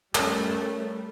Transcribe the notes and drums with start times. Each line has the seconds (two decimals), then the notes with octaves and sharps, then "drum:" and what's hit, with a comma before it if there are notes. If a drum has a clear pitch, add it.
0.15 G3 A3 C#4 A#4, drum: clap